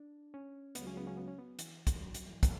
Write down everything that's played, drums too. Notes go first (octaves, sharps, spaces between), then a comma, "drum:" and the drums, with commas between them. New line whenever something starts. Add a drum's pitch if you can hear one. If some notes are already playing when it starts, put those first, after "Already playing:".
Already playing: D4
C#4
C#2 C#3 F#3 B3, drum: hi-hat
C#4
B3
C#4
B3
C#4
B3
E3, drum: hi-hat
drum: kick, hi-hat
F#3
drum: hi-hat
E3
F#3, drum: kick, hi-hat